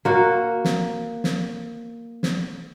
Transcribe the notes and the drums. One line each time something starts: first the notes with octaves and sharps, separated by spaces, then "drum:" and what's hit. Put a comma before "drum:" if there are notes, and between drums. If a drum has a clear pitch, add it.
A#3 F#4
drum: snare
drum: snare
drum: snare